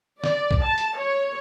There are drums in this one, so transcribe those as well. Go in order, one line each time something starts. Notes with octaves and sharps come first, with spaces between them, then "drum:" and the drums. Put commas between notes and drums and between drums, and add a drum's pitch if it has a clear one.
D5, drum: snare
drum: kick B1
A5
drum: hi-hat
C#5